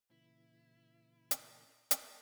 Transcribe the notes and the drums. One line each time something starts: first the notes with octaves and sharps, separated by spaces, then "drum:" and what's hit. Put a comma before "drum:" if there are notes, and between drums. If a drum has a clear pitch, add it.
A#2 C#3 E3 E4
drum: hi-hat
drum: hi-hat